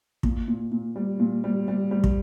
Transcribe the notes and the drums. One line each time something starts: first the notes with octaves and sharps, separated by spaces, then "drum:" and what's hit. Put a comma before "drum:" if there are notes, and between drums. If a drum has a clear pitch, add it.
A#2, drum: kick
A#2
A#2
G3
A#2
G3
G3
G3
drum: kick